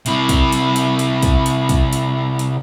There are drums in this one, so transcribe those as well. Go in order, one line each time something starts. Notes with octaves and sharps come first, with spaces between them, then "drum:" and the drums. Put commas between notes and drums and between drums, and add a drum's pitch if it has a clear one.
C3 E4, drum: hi-hat
drum: kick, hi-hat
drum: hi-hat
drum: hi-hat
drum: hi-hat
drum: kick, hi-hat
drum: hi-hat
drum: kick, hi-hat
drum: hi-hat
drum: hi-hat